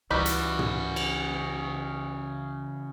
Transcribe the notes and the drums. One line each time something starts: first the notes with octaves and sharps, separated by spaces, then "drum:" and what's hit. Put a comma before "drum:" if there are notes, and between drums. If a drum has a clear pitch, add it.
C#2 C#3 E3 G3 D#4 F#4 B4
drum: hi-hat
drum: tom
drum: cymbal